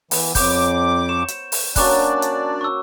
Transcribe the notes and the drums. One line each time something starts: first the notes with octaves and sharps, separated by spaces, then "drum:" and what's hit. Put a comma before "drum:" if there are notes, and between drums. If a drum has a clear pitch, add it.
E3 B3, drum: open hi-hat
F2 C5 C#5 D6 G6, drum: kick, open hi-hat
C#6 E7
drum: hi-hat
drum: open hi-hat
F#3 A#3 C#4 D4 D5 C#6 D6 F#6, drum: kick, open hi-hat
drum: hi-hat
C#6 E6